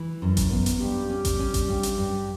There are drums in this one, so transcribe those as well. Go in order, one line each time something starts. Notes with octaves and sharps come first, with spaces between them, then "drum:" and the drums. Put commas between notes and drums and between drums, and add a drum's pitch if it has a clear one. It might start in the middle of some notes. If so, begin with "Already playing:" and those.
Already playing: E3
F#2
drum: kick G#1, hi-hat
B3
drum: hi-hat
G2 G3 G4
C#4
drum: kick G#1, hi-hat
C#4
drum: kick G#1, hi-hat
G2
drum: hi-hat
G2